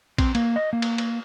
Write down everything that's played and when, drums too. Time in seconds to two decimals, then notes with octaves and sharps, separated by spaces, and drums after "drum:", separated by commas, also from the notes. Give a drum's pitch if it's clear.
0.18 C4, drum: kick A#1, cymbal
0.35 A#3, drum: cymbal
0.56 D#5
0.73 A#3
0.82 drum: cymbal
0.98 drum: cymbal